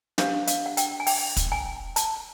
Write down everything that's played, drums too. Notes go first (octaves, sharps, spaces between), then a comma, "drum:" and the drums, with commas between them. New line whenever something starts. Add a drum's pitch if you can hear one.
D4 G4 C5 F5, drum: snare
F5, drum: hi-hat
F#5
G5, drum: hi-hat
G#5
G5, drum: open hi-hat
drum: kick, hi-hat
G#5
A5, drum: hi-hat